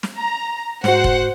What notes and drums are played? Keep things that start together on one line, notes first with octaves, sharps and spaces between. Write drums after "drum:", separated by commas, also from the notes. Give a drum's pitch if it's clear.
drum: snare
A#5
G#2 F#4 C5 F#5, drum: snare
drum: kick F1